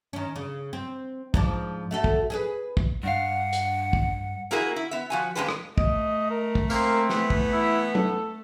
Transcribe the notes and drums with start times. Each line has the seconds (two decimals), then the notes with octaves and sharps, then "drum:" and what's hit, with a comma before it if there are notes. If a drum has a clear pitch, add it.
0.13 D#3 C#4
0.36 C#3
0.73 C4
1.34 G#2 F3 D4, drum: kick
1.91 A3 F#4 A4
2.04 drum: kick
2.30 G#4 A4 B4
2.77 drum: kick
3.03 G2 D4 F5 F#5
3.53 drum: hi-hat
3.93 drum: kick
4.51 A#3 E4 F#4 G#4 A#4
4.76 E4
4.91 B3 E5
5.10 F3 F#4 G#5
5.35 F2 B2 G#3 D4 G4 B4
5.49 drum: rim click
5.78 A3 D#5, drum: kick
6.31 A#4
6.55 drum: kick
6.70 A#3 C4, drum: tambourine
7.10 E3 B3, drum: snare
7.30 drum: kick
7.52 E4
7.95 A4, drum: tom F#3